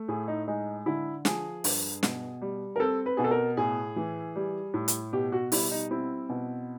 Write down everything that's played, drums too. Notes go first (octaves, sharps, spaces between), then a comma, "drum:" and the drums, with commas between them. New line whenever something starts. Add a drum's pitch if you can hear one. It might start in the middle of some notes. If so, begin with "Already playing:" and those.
Already playing: A3
A2 G#4
D#4
G#3 D#4
D3 E4
F3 G#4, drum: snare
G2, drum: open hi-hat
B2, drum: snare
G3
A#4
C4 A4
B4
B2 G#4
A4
A#4
A2 G#4
E3
G3
A2
drum: hi-hat
B2 G4
F#4
G3 E4, drum: open hi-hat
D#4
C4 E4
B2